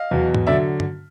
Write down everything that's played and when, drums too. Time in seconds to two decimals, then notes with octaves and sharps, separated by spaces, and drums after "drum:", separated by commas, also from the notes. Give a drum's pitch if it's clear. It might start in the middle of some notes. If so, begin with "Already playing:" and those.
Already playing: D#5 F5
0.11 E2 B2 F#3
0.35 drum: tom G#2
0.47 D3 F#3 D5 E5
0.80 drum: tom G2